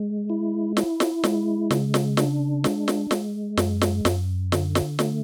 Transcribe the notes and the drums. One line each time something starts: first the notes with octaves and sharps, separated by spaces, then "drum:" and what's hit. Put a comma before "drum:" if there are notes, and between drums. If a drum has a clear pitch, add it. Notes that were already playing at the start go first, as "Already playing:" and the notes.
Already playing: G#3
E4
E4, drum: snare
drum: snare
G#3, drum: snare
C#3, drum: snare
drum: snare
D4, drum: snare
G#3, drum: snare
drum: snare
G#3, drum: snare
F#2, drum: snare
drum: snare
F#2, drum: snare
D3, drum: snare
drum: snare
A3, drum: snare